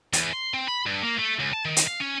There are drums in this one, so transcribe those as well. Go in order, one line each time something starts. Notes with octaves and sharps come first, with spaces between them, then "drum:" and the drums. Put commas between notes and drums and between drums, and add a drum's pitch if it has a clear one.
E2, drum: hi-hat
C6
C4
B5
G2
A#3
A3
C#2
A5
D#3
drum: hi-hat
F5
C#4